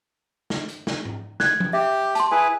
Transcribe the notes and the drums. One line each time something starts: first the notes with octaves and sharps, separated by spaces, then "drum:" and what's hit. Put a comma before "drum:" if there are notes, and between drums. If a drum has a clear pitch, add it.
drum: snare
drum: hi-hat
drum: snare
drum: tom G#2
F#6 G#6, drum: snare
drum: tom F3
G4 E5
A5 C6, drum: hi-hat
E4 G#4 B4 G#5